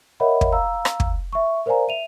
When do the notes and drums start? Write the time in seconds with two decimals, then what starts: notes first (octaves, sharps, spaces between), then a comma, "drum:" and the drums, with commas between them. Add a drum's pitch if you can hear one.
0.20 A#4 C#5 D#5 E5 F#5 B5
0.41 drum: kick
0.52 F5 A#5 E6
0.85 drum: rim click
1.00 drum: kick
1.33 E5 C#6
1.66 A#4 C5 D5 F5 G#5 A#5
1.88 E5 D#7 F7